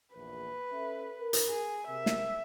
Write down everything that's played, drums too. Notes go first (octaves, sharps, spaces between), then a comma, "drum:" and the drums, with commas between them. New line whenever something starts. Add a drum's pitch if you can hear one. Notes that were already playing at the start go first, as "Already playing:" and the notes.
A#1 E2 B4
C#4 A4 E5
A#4
drum: hi-hat
G#4
C3 A#4 E5
drum: snare